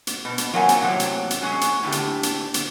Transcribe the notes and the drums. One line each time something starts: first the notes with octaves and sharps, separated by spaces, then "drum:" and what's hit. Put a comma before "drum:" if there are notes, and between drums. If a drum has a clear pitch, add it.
drum: hi-hat
B2
drum: hi-hat
F#3 A#3 C4 A#4 F#5 G#5
drum: hi-hat
A2 C3 F#3 A#3
drum: hi-hat
drum: hi-hat
F#3 G#3 C#4
drum: hi-hat
A2 D3 G4
drum: hi-hat
drum: hi-hat
drum: hi-hat